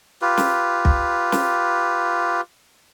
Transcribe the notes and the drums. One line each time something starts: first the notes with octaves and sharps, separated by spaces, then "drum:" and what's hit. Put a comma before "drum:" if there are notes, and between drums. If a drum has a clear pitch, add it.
F4 G4 B4
drum: snare
drum: kick
drum: snare